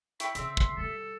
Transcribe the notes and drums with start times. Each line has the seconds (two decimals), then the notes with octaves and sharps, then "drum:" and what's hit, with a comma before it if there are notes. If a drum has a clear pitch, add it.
0.20 E4 G5 B5 C#6, drum: hi-hat
0.35 C#3 C4 E5, drum: hi-hat
0.57 C6, drum: kick
0.77 G3 A4